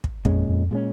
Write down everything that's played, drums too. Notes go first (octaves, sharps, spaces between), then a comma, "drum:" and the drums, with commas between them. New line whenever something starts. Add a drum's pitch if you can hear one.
drum: kick
F2 A#2 G#3 C#4, drum: kick
F2
A#2 G#3 C#4